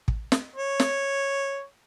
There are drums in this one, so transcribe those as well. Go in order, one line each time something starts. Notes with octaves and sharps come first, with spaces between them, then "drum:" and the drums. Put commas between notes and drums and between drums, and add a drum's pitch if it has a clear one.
drum: kick
drum: snare
C#5
drum: snare